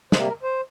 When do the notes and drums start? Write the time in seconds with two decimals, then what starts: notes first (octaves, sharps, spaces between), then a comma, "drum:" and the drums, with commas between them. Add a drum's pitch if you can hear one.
0.12 C3 G3 A#3 C5, drum: snare
0.28 A#4
0.43 C5